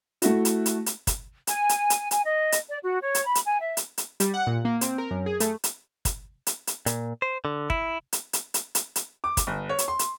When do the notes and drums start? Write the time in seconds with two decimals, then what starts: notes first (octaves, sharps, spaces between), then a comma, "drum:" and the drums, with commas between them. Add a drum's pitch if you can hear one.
0.22 A3 E4 F#4, drum: hi-hat
0.45 drum: hi-hat
0.66 drum: hi-hat
0.86 drum: hi-hat
1.07 drum: kick, hi-hat
1.47 G#5, drum: hi-hat
1.69 drum: hi-hat
1.90 drum: hi-hat
2.11 G#5, drum: hi-hat
2.25 D#5
2.52 drum: hi-hat
2.69 D5
2.83 F#4
3.01 C#5
3.15 drum: hi-hat
3.25 B5
3.35 drum: hi-hat
3.46 G#5
3.60 E5
3.77 drum: hi-hat
3.98 drum: hi-hat
4.20 G3, drum: hi-hat
4.34 F#5
4.47 A#2
4.65 A#3
4.81 C4, drum: hi-hat
4.98 A#4
5.11 F#2
5.26 G#4
5.40 A3, drum: hi-hat
5.64 drum: hi-hat
6.05 drum: kick, hi-hat
6.47 drum: hi-hat
6.67 drum: hi-hat
6.86 A#2, drum: hi-hat
7.22 C5
7.45 D3
7.70 E4, drum: kick
8.13 drum: hi-hat
8.33 drum: hi-hat
8.54 drum: hi-hat
8.75 drum: hi-hat
8.96 drum: hi-hat
9.24 D6
9.37 drum: kick, hi-hat
9.47 G1
9.69 C#5
9.79 drum: hi-hat
9.88 C6
9.99 drum: hi-hat